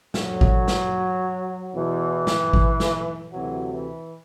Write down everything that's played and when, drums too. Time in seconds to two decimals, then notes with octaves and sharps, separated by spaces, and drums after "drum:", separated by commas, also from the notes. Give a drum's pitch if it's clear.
0.14 D2 D3 F#3, drum: snare
0.41 drum: kick G#1
0.68 drum: snare
1.74 E2 B2 E3
2.27 drum: snare
2.53 drum: kick G#1
2.80 drum: snare
3.33 D2 C3 E3 F#3
3.73 E3